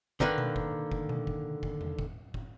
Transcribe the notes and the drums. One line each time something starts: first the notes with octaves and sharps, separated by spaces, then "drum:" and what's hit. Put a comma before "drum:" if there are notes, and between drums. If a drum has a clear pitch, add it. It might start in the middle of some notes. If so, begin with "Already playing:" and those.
D3 D#3 A#3 B4, drum: kick F1
drum: tom B2
drum: kick F1
drum: kick F1
drum: tom B2
drum: kick F1
drum: kick F1
drum: tom E2
drum: kick F1
drum: kick F1